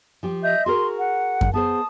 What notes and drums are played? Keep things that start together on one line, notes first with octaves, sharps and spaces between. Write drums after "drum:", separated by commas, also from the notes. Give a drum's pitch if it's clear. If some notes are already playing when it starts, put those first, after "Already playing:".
F3 G4
D#5 E5 G6
F#4 G#4 A#4 C6
F#5
drum: kick F#2
B3 G#4 C5 A5 D#6